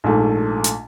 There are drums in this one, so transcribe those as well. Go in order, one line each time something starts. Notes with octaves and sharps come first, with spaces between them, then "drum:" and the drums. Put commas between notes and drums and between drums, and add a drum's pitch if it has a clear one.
A#1 G#2 A3
drum: hi-hat